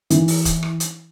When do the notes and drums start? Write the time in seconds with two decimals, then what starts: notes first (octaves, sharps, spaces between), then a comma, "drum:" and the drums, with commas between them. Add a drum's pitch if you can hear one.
0.10 E3, drum: hi-hat
0.28 drum: open hi-hat
0.45 drum: kick E1, hi-hat
0.63 drum: rim click
0.80 drum: hi-hat